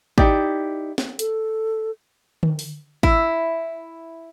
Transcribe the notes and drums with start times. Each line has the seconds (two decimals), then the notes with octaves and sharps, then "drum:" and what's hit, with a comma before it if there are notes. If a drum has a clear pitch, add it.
0.18 D#4 E4 G4 D5, drum: kick
0.98 drum: snare
1.19 A4, drum: hi-hat
2.43 drum: tom D3
2.59 drum: open hi-hat
3.03 E4, drum: kick